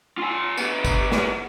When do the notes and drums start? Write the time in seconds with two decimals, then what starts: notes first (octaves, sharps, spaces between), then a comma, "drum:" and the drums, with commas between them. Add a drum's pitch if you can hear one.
0.18 F4 G#5
0.57 B3 G4, drum: tambourine
0.85 drum: kick, tambourine
1.12 drum: snare